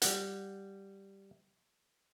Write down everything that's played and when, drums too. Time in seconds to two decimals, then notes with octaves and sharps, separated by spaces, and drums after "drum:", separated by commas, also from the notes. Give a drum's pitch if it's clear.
0.02 G3 F#5, drum: hi-hat